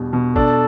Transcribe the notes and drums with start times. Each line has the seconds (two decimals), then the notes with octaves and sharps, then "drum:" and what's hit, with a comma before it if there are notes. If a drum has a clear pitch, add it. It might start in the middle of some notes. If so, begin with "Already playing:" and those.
Already playing: E2 B2 G3 D4
0.13 B2
0.36 D4 A4, drum: kick G1